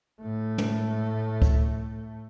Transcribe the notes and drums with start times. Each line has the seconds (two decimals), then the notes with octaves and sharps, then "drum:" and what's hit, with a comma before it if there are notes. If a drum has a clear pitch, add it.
0.22 A2 A3
0.58 drum: tom
1.42 drum: kick C#2